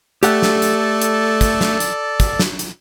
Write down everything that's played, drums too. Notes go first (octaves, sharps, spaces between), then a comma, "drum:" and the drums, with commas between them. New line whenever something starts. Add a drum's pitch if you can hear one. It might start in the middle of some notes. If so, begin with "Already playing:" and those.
A3 G4 A4 D5 F#5, drum: hi-hat
drum: snare
drum: hi-hat
drum: hi-hat
drum: kick, hi-hat
drum: snare
drum: hi-hat
drum: kick, hi-hat
drum: snare
drum: hi-hat